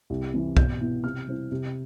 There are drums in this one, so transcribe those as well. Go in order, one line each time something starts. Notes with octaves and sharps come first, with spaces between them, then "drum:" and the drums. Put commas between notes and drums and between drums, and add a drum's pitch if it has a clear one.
C2
C3 E3
B2 G6, drum: kick C2
B3 E4
C3 F6
G3 C4 E4
C3